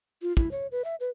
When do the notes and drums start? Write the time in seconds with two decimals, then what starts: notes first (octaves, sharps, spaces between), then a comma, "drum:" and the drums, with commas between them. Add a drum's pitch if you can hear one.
0.22 F4
0.37 E4, drum: kick
0.51 C#5
0.72 B4
0.85 E5
1.00 B4